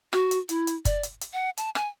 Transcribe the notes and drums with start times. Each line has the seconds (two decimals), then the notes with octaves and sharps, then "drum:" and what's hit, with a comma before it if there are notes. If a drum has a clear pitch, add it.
0.13 F#4, drum: rim click
0.31 drum: hi-hat
0.49 E4, drum: hi-hat
0.67 drum: hi-hat
0.85 D5, drum: kick, hi-hat
1.03 drum: hi-hat
1.21 drum: hi-hat
1.33 F#5
1.57 A5, drum: hi-hat
1.75 G#5, drum: rim click